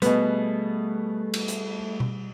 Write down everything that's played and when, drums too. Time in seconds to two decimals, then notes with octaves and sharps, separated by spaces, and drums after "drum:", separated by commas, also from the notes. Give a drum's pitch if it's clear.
0.02 B2 G3 A3 B3 G#4, drum: hi-hat
1.34 drum: cymbal
1.48 drum: hi-hat
2.00 drum: tom B2